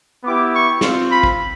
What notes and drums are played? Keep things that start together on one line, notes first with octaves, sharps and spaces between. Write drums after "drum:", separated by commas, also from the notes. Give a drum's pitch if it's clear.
B3 E4 G4 D6
C#6
C4 F4, drum: snare
B5
drum: kick